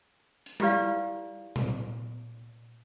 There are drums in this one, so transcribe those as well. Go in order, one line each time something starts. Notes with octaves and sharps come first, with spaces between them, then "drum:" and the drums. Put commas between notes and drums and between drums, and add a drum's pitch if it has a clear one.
drum: hi-hat
E4 F4 G4 B4 D5 F5, drum: tom G3
drum: tom A#2